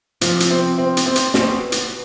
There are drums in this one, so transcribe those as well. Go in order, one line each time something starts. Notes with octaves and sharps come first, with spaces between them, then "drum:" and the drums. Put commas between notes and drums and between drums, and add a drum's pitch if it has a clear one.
C3 F3, drum: hi-hat
drum: hi-hat
C4
C4
drum: hi-hat
C4
drum: hi-hat
B2 C4, drum: snare
drum: hi-hat